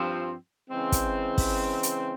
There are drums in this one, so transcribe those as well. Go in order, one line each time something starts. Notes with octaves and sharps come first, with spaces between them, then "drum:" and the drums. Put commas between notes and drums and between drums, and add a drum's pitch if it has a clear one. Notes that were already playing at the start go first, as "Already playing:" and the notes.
Already playing: G2 F3 C4
C#3 E3 G#3 C4
drum: kick, hi-hat
drum: kick, open hi-hat
drum: hi-hat